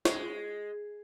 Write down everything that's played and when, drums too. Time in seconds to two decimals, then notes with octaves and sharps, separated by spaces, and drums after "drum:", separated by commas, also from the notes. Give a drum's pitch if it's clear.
0.05 G#3, drum: snare